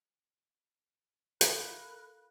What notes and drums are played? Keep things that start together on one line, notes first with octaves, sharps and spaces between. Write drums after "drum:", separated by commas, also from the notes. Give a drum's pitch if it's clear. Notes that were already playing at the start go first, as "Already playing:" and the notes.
F4 A4 A#4 F5 B5 F#6, drum: hi-hat